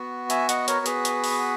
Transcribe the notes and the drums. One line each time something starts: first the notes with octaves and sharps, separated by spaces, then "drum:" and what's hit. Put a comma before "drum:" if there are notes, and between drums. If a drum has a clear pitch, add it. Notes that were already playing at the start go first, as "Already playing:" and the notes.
Already playing: B3 F#4
E5 G#5, drum: hi-hat
D#5 F#5, drum: hi-hat
A#4 C#5, drum: hi-hat
G#4 B4, drum: hi-hat
drum: hi-hat
drum: open hi-hat